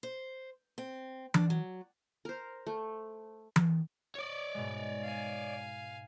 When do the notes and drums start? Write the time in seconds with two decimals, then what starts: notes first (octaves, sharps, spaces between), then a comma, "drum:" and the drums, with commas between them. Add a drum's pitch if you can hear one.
0.03 C5
0.78 C4
1.34 D4, drum: tom E3
1.50 F#3
2.25 A#4 C5
2.67 A3
3.56 drum: tom E3
4.16 C#5 D5
4.54 G#2 B2 G#3
5.03 F5 G#5